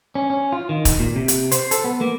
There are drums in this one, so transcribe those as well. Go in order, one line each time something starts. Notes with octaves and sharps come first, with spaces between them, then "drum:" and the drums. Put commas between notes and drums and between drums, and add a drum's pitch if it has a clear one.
C#4
C#4
F4
D#3
drum: kick, hi-hat
A#2
C3
drum: hi-hat
C5, drum: hi-hat
A4, drum: hi-hat
B3
A#3